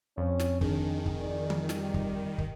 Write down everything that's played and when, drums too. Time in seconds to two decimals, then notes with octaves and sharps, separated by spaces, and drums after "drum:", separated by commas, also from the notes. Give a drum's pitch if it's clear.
0.17 F2 C#4
0.39 drum: snare
0.61 D#3 D4 G#4, drum: kick
1.06 drum: kick
1.20 D5
1.50 drum: tom
1.69 G3, drum: snare
1.94 drum: kick
2.38 drum: kick